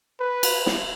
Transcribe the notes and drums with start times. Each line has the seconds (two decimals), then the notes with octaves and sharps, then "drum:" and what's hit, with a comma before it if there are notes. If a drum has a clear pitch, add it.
0.20 B4
0.43 drum: cymbal
0.66 drum: snare